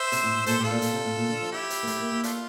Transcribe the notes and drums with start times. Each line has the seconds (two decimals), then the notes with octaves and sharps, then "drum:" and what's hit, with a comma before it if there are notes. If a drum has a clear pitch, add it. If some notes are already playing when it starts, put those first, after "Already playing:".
Already playing: C5 E5
0.12 C3, drum: hi-hat
0.23 A2
0.34 A2
0.46 A#2 A4 C5, drum: hi-hat
0.58 A2 G4
0.64 F4 A4
0.71 A#2
0.82 A#2, drum: hi-hat
0.93 C3
1.05 A2
1.17 A#2
1.29 D3
1.41 F3
1.52 E4 G4
1.70 drum: hi-hat
1.83 A#3
1.87 A3, drum: hi-hat
2.00 A#3
2.12 A#3
2.24 A3 D4 F4, drum: hi-hat